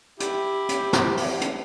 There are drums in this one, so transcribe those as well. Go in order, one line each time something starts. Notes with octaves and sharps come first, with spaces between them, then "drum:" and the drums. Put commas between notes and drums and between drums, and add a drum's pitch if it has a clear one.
E4 G4, drum: hi-hat
drum: hi-hat
drum: snare
drum: open hi-hat
drum: hi-hat